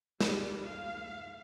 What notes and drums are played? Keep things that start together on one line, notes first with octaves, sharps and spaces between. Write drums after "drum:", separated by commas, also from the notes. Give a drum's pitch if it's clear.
G3, drum: snare
F5